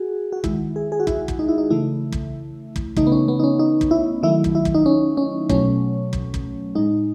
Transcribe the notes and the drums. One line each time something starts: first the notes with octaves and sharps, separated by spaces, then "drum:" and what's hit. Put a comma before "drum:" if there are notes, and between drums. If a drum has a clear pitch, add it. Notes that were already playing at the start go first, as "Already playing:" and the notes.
Already playing: F#4 G#4
F#4
D#3 G#3 E4, drum: kick
G#4
G#4
F#4
E4, drum: kick
drum: kick
D#4
E4
D#4
C#3 E3 A3 E4
drum: kick
drum: kick
C#3 E3 A3 D#4, drum: kick
B3
C#4
B3
D#4
C#4
D#4
drum: kick
E4
D#3 F#3 A3 E4
drum: kick
E4
drum: kick
D#4
C#4
C#4
B2 F#3 A3 C#4, drum: kick
drum: kick
drum: kick
A2 G#3 D#4